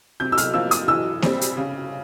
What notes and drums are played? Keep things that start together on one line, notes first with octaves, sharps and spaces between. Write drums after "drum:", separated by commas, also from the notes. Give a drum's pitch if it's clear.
C3 G6
E6
F6, drum: hi-hat
F3 A#3 E6
D#6, drum: hi-hat
E3 E6
G3 C4, drum: snare A#3
drum: hi-hat
C#3